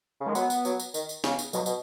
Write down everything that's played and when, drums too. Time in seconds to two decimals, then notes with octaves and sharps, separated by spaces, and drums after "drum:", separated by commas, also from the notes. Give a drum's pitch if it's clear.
0.21 C#3
0.26 D#3 G#3
0.35 F#3 B3, drum: tambourine
0.50 drum: tambourine
0.65 F#3, drum: tambourine
0.80 drum: tambourine
0.94 D#3, drum: tambourine
1.09 drum: tambourine
1.24 C#3, drum: snare
1.39 drum: tambourine
1.53 B2 F#3, drum: tambourine
1.66 B2, drum: tambourine